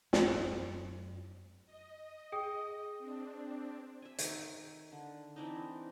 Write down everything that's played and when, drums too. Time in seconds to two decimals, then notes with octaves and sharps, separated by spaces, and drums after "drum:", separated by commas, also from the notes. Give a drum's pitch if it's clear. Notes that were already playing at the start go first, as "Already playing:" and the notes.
0.13 F#2, drum: snare
1.66 D#5
2.32 G#4 G5 D#6
2.98 C4 D4
4.02 E5 G#5
4.18 D#3, drum: hi-hat
4.92 D3
5.36 E3 C4 D4 D#4